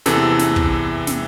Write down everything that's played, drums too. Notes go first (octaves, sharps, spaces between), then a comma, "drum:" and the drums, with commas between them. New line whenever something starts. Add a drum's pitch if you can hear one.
E2 C3 E3 A4, drum: snare
drum: snare
drum: kick
drum: snare